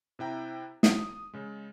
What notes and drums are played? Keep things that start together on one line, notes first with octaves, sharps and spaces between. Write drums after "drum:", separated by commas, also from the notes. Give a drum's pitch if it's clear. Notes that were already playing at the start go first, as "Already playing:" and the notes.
C3 E4 G5 A#5
D#6, drum: snare
C#3 G#3